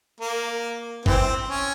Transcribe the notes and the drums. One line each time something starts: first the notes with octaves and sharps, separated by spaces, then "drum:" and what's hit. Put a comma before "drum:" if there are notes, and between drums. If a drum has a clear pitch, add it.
A#3
E3 C4, drum: kick
C#4